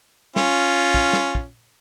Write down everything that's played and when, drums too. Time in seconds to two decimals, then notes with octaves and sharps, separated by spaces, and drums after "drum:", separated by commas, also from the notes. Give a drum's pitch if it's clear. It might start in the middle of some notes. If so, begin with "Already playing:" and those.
0.36 C#4 F4, drum: snare
0.94 drum: kick
1.13 drum: snare
1.35 drum: kick